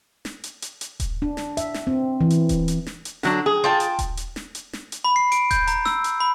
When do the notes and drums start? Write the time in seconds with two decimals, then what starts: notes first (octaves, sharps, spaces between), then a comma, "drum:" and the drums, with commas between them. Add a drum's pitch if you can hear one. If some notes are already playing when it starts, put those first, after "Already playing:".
0.25 drum: snare
0.44 drum: hi-hat
0.62 drum: hi-hat
0.81 drum: hi-hat
1.00 drum: kick D#1, hi-hat
1.22 D4
1.37 drum: snare
1.57 E5, drum: hi-hat
1.74 drum: snare
1.87 C4
2.21 E3
2.30 drum: hi-hat
2.49 drum: kick D#1, hi-hat
2.68 drum: hi-hat
2.86 drum: snare
3.05 drum: hi-hat
3.23 D3 F#3 D4, drum: snare
3.46 G#4
3.64 F4 G5 A5
3.80 drum: hi-hat
3.99 drum: kick D#1, hi-hat
4.17 drum: hi-hat
4.36 drum: snare
4.55 drum: hi-hat
4.73 drum: snare
4.92 drum: hi-hat
5.04 B5
5.16 C7
5.32 D7, drum: hi-hat
5.51 G6, drum: kick D#1, hi-hat
5.67 A#5, drum: hi-hat
5.85 E6, drum: snare
6.04 drum: hi-hat
6.20 B5